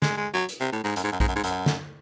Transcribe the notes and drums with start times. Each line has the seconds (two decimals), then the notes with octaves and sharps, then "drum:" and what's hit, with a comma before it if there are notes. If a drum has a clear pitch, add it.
0.02 G#3, drum: snare
0.17 G#3
0.34 F#3
0.49 drum: hi-hat
0.60 C3
0.72 A2
0.84 G#2
0.96 F#2, drum: hi-hat
1.04 G#2
1.12 F#2
1.20 G#2, drum: kick A#1
1.28 F#2
1.36 G#2
1.44 F#2, drum: hi-hat
1.66 drum: snare